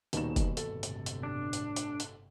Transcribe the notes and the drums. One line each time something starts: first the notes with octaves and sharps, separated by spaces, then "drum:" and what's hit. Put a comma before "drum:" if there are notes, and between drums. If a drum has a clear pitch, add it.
D#1 D#2 B2 G3 D#4 E7, drum: hi-hat
drum: kick, hi-hat
G1 A2 C3 A4, drum: hi-hat
drum: hi-hat
drum: hi-hat
D4
drum: hi-hat
drum: hi-hat
drum: hi-hat